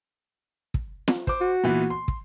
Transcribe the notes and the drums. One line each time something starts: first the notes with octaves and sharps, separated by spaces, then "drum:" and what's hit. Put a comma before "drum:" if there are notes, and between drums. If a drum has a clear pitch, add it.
drum: kick
drum: snare
C5 D6, drum: kick
F#4
A#2 E3 B3
C6
drum: kick